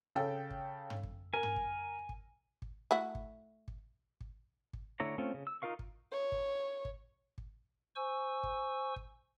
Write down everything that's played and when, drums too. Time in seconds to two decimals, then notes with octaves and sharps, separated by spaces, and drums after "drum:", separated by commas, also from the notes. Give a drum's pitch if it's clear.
0.15 C#3 A4 G5
0.50 drum: kick
0.90 drum: tom
1.03 drum: kick
1.34 A#4 G#5
1.43 drum: tom
1.56 drum: kick
2.09 drum: kick
2.62 drum: kick
2.91 A3 E4 F#4
3.15 drum: kick
3.68 drum: kick
4.21 drum: kick
4.73 drum: kick
5.00 D3 A3 E4 C#5 A#5
5.18 A3 C4 C#4 F4
5.34 C#3
5.47 E6
5.62 D#4 F4 A#4 F5 C#6
5.79 drum: kick
6.12 C#5
6.32 drum: kick
6.85 drum: kick
7.38 drum: kick
7.96 C5 G#5 C#6 E6
8.43 drum: kick
8.96 drum: kick